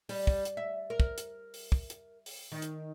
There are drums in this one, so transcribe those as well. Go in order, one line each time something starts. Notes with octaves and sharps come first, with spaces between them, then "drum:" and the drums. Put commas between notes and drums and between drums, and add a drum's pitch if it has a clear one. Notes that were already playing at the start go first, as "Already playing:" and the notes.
G3, drum: open hi-hat
drum: kick
drum: hi-hat
E5
A#4
drum: kick
drum: hi-hat
drum: open hi-hat
drum: kick
drum: hi-hat
drum: open hi-hat
D#3
drum: hi-hat